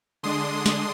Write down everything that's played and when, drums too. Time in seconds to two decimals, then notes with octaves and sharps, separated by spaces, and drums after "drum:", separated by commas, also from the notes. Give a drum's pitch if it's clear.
0.23 D3 G#3 D4 C6 D#6
0.66 drum: snare